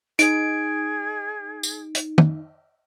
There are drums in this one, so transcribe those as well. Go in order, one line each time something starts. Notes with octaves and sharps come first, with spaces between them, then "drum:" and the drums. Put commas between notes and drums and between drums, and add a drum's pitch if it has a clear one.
D#4 G#4 D7, drum: hi-hat
drum: tambourine
drum: hi-hat
drum: tom